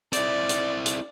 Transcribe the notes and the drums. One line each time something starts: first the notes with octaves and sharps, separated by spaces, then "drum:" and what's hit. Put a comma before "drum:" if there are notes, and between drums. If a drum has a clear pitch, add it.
C4 E4 D5, drum: hi-hat
drum: hi-hat
drum: hi-hat